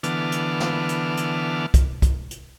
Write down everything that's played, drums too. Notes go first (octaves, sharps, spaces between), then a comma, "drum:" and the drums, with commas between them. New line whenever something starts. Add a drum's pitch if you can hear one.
D3 E3 B3 A5 D6 F6, drum: hi-hat
drum: hi-hat
drum: snare
drum: hi-hat
drum: hi-hat
drum: kick, hi-hat
drum: kick, hi-hat
drum: hi-hat